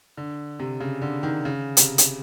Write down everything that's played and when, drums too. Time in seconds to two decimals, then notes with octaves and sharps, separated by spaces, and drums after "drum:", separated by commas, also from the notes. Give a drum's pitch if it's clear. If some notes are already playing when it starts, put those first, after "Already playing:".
0.17 D3
0.59 C3
0.80 C#3
1.02 D3
1.23 D#3
1.45 C#3
1.77 C3, drum: hi-hat
1.98 drum: hi-hat